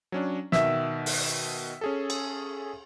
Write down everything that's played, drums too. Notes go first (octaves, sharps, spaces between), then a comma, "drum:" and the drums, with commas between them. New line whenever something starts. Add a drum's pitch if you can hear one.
F#3 C#4 D4
B2 D#3 E5, drum: snare
drum: open hi-hat
C#4 G#4 A4
drum: cymbal